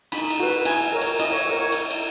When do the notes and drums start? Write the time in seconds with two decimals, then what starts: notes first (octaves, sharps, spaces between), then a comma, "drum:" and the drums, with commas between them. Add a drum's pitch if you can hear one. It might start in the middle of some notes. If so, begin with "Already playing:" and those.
0.12 D#4 B5, drum: cymbal
0.30 drum: cymbal
0.40 F#4 B4
0.65 E4 G#5, drum: cymbal
0.92 A#4 C#5
1.02 drum: cymbal
1.20 E4 D#5, drum: cymbal
1.33 C#5
1.46 A#4 C#5
1.58 C#5
1.72 E4, drum: cymbal
1.91 drum: cymbal